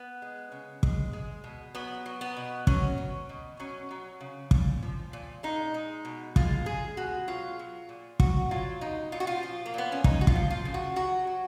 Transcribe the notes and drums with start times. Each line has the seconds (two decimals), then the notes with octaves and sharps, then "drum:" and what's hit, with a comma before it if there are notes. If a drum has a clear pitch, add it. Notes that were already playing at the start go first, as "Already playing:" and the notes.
Already playing: B3
0.22 G#3
0.52 C#3
0.83 G#3, drum: kick
1.13 G#3
1.44 B2
1.75 F#3 B3
2.06 F#3
2.21 B3
2.37 B2
2.67 F#3 C#4, drum: kick
2.98 F#3
3.29 B2
3.60 F#3 C#4
3.91 F#3
4.21 C#3
4.51 A#2, drum: kick
4.83 F3
5.13 A#2
5.43 G#3 D#4
5.74 G#3
6.05 B2
6.36 G#3 F4, drum: kick
6.66 G#3 G#4
6.97 B2 F#4
7.28 F#3 F4
7.59 F#3
7.89 A#2
8.20 F#3 F#4, drum: kick
8.51 F#3 F4
8.81 B2 D#4
9.12 A#2 F4
9.20 F#4
9.27 F4
9.43 F3
9.66 A#3
9.74 A#2 B3
9.92 C#4
10.04 C#3 D#4, drum: kick
10.21 F#4
10.27 F4, drum: kick
10.35 F3
10.51 F4
10.65 C#3
10.74 F#4
10.96 F#3 F#4
11.27 F#3